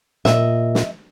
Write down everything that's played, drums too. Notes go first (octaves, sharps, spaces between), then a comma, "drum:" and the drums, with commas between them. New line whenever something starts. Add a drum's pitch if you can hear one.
A#2 D#5 E5, drum: snare
drum: snare